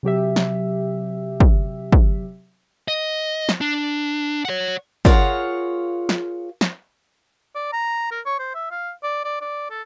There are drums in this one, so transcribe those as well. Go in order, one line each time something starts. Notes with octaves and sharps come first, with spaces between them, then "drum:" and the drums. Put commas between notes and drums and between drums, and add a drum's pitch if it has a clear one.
C3 F#3 G4 E5
drum: snare
drum: kick
drum: kick
D#5
drum: snare
D4
C#5 F#5
F4 G#4 A#4 C#5 F5 F#5, drum: kick
drum: snare
drum: snare
D5
A#5
A#4
C#5
C5
E5
F5
D5
D5
D5
A4